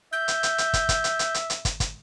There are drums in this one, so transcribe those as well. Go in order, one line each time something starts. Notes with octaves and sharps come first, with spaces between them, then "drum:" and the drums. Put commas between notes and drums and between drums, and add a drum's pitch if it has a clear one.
E5 G6
drum: hi-hat
drum: hi-hat
drum: hi-hat
drum: kick, hi-hat
drum: kick, hi-hat
drum: hi-hat
drum: hi-hat
drum: hi-hat
drum: hi-hat
drum: kick, hi-hat
drum: kick, hi-hat